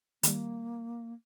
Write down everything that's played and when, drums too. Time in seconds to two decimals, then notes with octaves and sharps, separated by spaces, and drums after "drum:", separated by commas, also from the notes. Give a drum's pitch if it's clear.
0.23 D#3 G3 A#3, drum: hi-hat